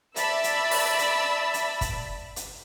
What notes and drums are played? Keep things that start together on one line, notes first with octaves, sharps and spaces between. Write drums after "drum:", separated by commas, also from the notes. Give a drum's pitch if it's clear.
D5 E5 A5 B5 E6, drum: hi-hat
drum: hi-hat
drum: open hi-hat
drum: hi-hat
drum: hi-hat
drum: kick, hi-hat
drum: hi-hat